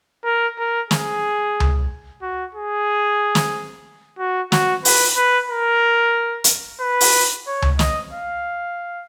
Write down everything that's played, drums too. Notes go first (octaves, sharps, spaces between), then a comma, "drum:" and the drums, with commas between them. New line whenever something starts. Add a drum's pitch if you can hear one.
A#4
A#4
G#4, drum: snare
drum: tom C#2
F#4
G#4
drum: snare
F#4
F#4, drum: snare
B4, drum: open hi-hat
B4
A#4
drum: hi-hat
B4
drum: open hi-hat
C#5
drum: tom C#2
D#5, drum: snare
F5